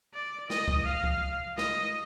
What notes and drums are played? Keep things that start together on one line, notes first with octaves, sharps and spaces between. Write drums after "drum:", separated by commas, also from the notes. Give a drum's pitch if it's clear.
D5
D#5, drum: snare
drum: kick C#2
F5
drum: kick C#2
D#5, drum: snare